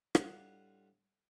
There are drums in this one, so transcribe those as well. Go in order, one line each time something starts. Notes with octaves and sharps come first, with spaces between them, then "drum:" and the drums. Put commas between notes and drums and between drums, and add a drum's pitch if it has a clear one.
A2 G3 D4 F4 F#5 A5, drum: rim click